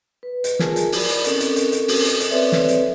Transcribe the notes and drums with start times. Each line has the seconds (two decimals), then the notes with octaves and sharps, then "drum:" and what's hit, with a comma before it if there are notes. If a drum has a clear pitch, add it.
0.23 B4
0.44 drum: hi-hat
0.59 F4 G#4 A#4 G#5 A5, drum: snare
0.76 drum: hi-hat
0.92 E4 A#4 D5 B5, drum: open hi-hat
1.08 drum: hi-hat
1.24 C4 C#4 A4 A#4, drum: hi-hat
1.40 drum: hi-hat
1.56 drum: hi-hat
1.72 drum: hi-hat
1.88 drum: open hi-hat
2.04 drum: hi-hat
2.20 drum: hi-hat
2.30 C4 A4 B4 C#5 D5 E5
2.52 drum: snare
2.68 drum: hi-hat